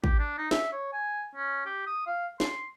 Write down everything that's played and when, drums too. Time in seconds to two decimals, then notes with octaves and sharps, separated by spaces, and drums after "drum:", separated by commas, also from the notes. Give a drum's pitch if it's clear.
0.04 G4, drum: kick
0.19 D4
0.38 D#4
0.51 E5, drum: snare
0.73 C#5
0.93 G#5
1.36 C#4
1.66 G4
1.87 D#6
2.07 F5
2.40 C6, drum: snare